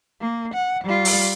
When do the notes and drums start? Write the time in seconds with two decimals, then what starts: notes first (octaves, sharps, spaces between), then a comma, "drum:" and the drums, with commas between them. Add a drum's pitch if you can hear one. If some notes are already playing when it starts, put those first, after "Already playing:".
0.21 A#3
0.54 F#5
0.84 G3 F4
1.05 drum: open hi-hat